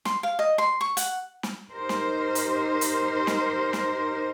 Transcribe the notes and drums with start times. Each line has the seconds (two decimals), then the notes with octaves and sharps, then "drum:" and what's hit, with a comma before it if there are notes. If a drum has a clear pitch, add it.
0.05 C6, drum: snare
0.23 F5
0.39 D#5
0.58 C6
0.81 C#6
0.97 F#5, drum: hi-hat
1.43 drum: snare
1.72 D#4 G4 A#4 C5
1.89 drum: snare
2.35 drum: hi-hat
2.81 drum: hi-hat
3.27 drum: snare
3.73 drum: snare